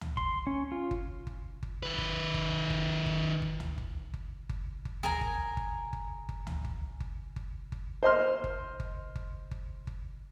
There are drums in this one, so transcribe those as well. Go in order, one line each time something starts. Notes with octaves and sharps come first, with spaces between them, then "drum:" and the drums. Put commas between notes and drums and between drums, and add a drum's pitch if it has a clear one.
drum: tom C#2
C6, drum: kick G1
C#4
F4
drum: kick G1
drum: kick G1
drum: kick G1
D#3 B4
drum: kick G1
drum: kick G1
drum: kick G1
drum: kick G1
drum: kick G1
drum: tom C#2
drum: kick G1
drum: kick G1
drum: kick G1
drum: kick G1
G#4 A#4 G#5 A#5, drum: tom C#2
drum: kick G1
drum: kick G1
drum: kick G1
drum: kick G1
drum: tom C#2
drum: kick G1
drum: kick G1
drum: kick G1
drum: kick G1
C5 D#5 C6 F6
drum: kick G1
drum: kick G1
drum: kick G1
drum: kick G1
drum: kick G1